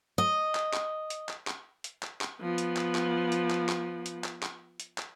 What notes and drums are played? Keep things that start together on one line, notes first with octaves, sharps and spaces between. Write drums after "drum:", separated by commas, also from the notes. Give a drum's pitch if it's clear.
D#5
drum: clap
drum: clap
drum: hi-hat
drum: clap
drum: clap
drum: hi-hat
drum: clap
drum: clap
F3 B3
drum: hi-hat
drum: clap
drum: clap
drum: hi-hat
drum: clap
drum: clap
drum: hi-hat
drum: clap
drum: clap
drum: hi-hat
drum: clap